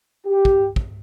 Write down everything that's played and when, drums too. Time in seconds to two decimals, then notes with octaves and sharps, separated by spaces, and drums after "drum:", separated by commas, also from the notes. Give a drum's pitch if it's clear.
0.25 G4
0.45 drum: kick
0.76 drum: kick